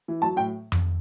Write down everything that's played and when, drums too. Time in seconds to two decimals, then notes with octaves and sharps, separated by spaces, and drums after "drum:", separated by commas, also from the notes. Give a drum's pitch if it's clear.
0.08 E3
0.22 F#3 A5
0.36 A2 G5
0.72 drum: tom F2